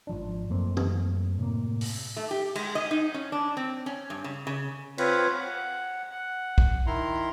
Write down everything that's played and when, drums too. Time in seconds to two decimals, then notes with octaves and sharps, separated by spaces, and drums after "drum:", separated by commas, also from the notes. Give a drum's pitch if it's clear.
0.07 G#1 F3 D4
0.50 F#2 A3 A#3 C4
0.77 drum: tom
1.39 A2 C3 A#3
1.81 drum: open hi-hat
2.16 A3
2.31 G4
2.55 G#3, drum: cymbal
2.75 D#5
2.91 D#4
3.14 C#4
3.32 D4
3.57 C4
3.86 C#4
4.10 G2
4.24 C#3
4.47 C#3
4.98 C4 F4 B4 C#5, drum: cymbal
5.40 F#5
6.11 F#5
6.58 drum: kick
6.87 D#3 E4 A#5 C6